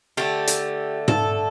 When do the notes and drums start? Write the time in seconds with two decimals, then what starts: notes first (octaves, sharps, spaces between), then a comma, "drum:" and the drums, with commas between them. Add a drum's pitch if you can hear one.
0.17 D3 A3 G4
0.47 drum: hi-hat
1.08 A4, drum: tom G#2